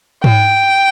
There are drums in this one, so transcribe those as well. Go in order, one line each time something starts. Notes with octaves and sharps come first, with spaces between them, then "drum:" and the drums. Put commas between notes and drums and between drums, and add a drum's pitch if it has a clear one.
G5, drum: tom G#2